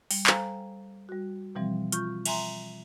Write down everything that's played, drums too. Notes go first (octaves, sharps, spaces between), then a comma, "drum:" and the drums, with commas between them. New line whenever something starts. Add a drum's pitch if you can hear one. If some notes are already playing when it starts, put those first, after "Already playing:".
G3, drum: open hi-hat
A4 C5 F5 G5 G#5 A#5, drum: clap
G3 F#4
B2 E3 F3 G3 C4
F4 C#6 G6, drum: hi-hat
E5 G#5 A#5 C6, drum: cymbal